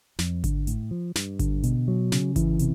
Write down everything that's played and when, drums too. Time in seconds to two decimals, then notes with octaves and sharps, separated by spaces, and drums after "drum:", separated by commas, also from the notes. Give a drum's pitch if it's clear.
0.19 F2, drum: snare
0.44 D3, drum: kick G#1, hi-hat
0.67 A2, drum: hi-hat
0.91 F3
1.15 G2, drum: snare
1.39 D3, drum: kick G#1, hi-hat
1.63 B2, drum: hi-hat
1.88 F#3
2.12 C#3, drum: snare
2.36 E3, drum: kick G#1, hi-hat
2.59 C3, drum: hi-hat